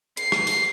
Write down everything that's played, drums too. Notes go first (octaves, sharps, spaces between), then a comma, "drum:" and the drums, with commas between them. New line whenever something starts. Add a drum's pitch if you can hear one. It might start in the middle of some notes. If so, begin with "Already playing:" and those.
C7, drum: hi-hat
drum: rim click
drum: open hi-hat